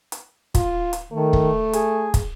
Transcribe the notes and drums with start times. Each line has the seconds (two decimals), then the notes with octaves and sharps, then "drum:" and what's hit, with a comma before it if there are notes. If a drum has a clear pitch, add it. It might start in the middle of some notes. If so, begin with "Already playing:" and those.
0.12 drum: hi-hat
0.55 F4, drum: kick, hi-hat
0.93 drum: hi-hat
1.12 D#3 A3
1.33 drum: kick
1.73 G#4, drum: hi-hat
2.14 drum: kick, hi-hat